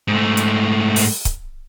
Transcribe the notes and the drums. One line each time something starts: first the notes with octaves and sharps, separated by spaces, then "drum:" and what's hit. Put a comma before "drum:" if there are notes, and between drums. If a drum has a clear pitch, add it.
G#2 A3
drum: hi-hat
drum: open hi-hat
drum: kick C#1, hi-hat